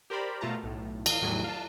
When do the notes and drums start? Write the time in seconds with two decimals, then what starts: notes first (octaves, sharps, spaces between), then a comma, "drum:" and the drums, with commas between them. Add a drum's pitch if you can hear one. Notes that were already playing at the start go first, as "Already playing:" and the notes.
0.10 G4 A#4 C5 D5 B5
0.41 B2 A3 F4 A5 A#5
0.63 B1 A2
1.06 E3 F5, drum: cymbal
1.21 E2 A2 D#3 F#3 G3 G#4
1.44 F5 A5